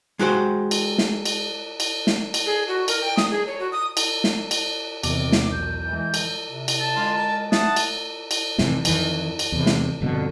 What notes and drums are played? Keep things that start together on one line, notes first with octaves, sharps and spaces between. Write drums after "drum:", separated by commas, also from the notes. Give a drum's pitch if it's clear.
G#3 F#4 G4 C5
drum: cymbal
drum: snare
drum: cymbal
drum: cymbal
drum: snare
drum: cymbal
G#4
F#4
A#4, drum: cymbal
G5
D#6, drum: snare
G#4
C#5
F#4
D#6
drum: cymbal
drum: snare
drum: cymbal
E2 C3 D#3 D6, drum: cymbal
drum: snare
B1 G6
E3 G#3
drum: cymbal
C3
drum: cymbal
A5
D3 G#3 F4
A#4
A3 F#5 A5 D#6, drum: snare
drum: cymbal
drum: cymbal
G#1 F2 C3 E3, drum: snare
F2 D#3 E3, drum: cymbal
drum: cymbal
E2 C3
drum: snare
G1 F2 B2 D3